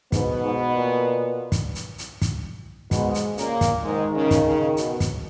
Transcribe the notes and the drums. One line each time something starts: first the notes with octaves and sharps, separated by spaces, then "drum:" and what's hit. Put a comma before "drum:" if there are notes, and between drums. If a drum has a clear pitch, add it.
G#2 B2 B3, drum: kick, hi-hat
G#2
A#2
drum: kick, hi-hat
drum: hi-hat
drum: hi-hat
drum: kick, hi-hat
G#2 B2 G#3, drum: kick, hi-hat
drum: hi-hat
A#2 C#3 A#3, drum: hi-hat
drum: kick, hi-hat
G#2 D#3 G#3
C#3
drum: kick, hi-hat
C#3
B2, drum: hi-hat
drum: kick, hi-hat